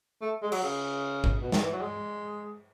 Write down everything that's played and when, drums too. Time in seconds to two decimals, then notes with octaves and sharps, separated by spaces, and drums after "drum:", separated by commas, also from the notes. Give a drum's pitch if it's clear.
0.22 A3
0.42 G#3
0.52 F#3, drum: cymbal
0.63 C#3
1.24 drum: kick G#1
1.42 B2
1.52 D#3, drum: snare
1.62 E3
1.72 F#3
1.81 G#3